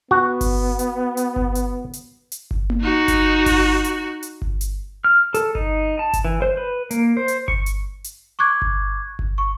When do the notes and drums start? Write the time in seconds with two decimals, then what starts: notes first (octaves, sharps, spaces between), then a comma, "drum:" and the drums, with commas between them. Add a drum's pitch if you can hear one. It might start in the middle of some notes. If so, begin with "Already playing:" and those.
0.11 B3 F#4
0.41 drum: kick G1, open hi-hat
0.79 drum: hi-hat
1.17 drum: hi-hat
1.36 drum: kick G1
1.55 drum: hi-hat
1.93 drum: hi-hat
2.32 drum: hi-hat
2.51 drum: kick G1
2.70 drum: tom A#3
2.81 D#4 F#4
3.08 drum: kick G1, hi-hat
3.46 drum: kick G1, open hi-hat
3.84 drum: hi-hat
4.23 drum: hi-hat
4.42 drum: kick G1
4.61 drum: hi-hat
5.04 F6
5.34 A4, drum: hi-hat
5.55 D#4, drum: kick G1
5.99 A5
6.13 drum: kick G1, hi-hat
6.25 E3
6.42 C5
6.57 B4
6.91 A#3, drum: hi-hat
7.17 C5
7.28 drum: hi-hat
7.48 C#6, drum: kick G1
7.66 drum: hi-hat
8.04 drum: hi-hat
8.39 C#6 D6 F#6 G#6
8.62 drum: kick G1
9.19 drum: kick G1
9.38 C#6